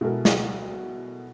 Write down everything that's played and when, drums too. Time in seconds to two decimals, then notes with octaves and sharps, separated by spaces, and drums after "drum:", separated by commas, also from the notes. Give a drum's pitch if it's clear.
0.01 B2 G#3 E4 A4 A#4
0.25 drum: snare